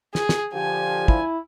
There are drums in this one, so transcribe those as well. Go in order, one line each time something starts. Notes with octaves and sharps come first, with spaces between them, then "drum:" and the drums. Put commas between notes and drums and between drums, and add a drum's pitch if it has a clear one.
G#4, drum: snare
drum: snare
D3 F3 G4 G#5
E4, drum: kick